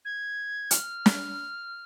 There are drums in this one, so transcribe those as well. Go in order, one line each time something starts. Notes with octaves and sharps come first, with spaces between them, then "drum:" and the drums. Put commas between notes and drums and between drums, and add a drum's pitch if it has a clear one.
G#6
F6, drum: hi-hat
drum: snare